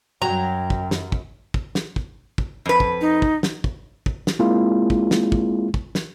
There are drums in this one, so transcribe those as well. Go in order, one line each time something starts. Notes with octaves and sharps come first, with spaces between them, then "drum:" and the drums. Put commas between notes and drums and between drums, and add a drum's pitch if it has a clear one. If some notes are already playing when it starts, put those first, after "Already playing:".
F#2 F#3 G5 A#5
drum: kick
drum: snare
drum: kick
drum: kick
drum: snare
drum: kick
drum: kick
F2 B4
drum: kick
D#4
drum: kick
drum: snare
drum: kick
drum: kick
drum: snare
G#3 A#3 C4 E4 F4 G#4
drum: kick
drum: snare
drum: kick
drum: kick
drum: snare